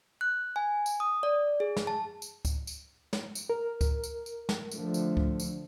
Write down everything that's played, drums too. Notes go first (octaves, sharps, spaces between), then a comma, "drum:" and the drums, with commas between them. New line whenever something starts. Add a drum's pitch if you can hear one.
F#6
G#5
drum: tambourine
D#6
D5
G#4
drum: snare
A5
drum: tambourine
drum: kick C#2, tambourine
drum: tambourine
drum: snare
drum: tambourine
A#4
drum: kick C#2, tambourine
drum: tambourine
drum: tambourine
drum: snare
D3 F3 A3, drum: tambourine
drum: tambourine
drum: kick C#2
drum: tambourine